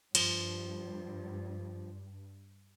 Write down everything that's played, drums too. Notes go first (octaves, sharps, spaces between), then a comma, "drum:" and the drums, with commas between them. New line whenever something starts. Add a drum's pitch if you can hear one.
G2 F3, drum: cymbal